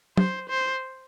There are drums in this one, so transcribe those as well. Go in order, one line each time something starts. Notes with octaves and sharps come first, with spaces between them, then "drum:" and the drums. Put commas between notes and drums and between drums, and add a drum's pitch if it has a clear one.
C5, drum: tom
C5